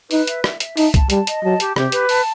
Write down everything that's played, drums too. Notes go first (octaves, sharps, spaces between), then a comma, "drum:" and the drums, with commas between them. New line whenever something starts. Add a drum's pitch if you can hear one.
D#4 B4, drum: open hi-hat
E5, drum: hi-hat
E5, drum: rim click
E5, drum: hi-hat
D#4 A5, drum: open hi-hat
A5, drum: kick C2, hi-hat
G3 A5, drum: hi-hat
D#5, drum: hi-hat
F#3 A5
G4, drum: hi-hat
C3 G4, drum: rim click
B4, drum: hi-hat
A5, drum: open hi-hat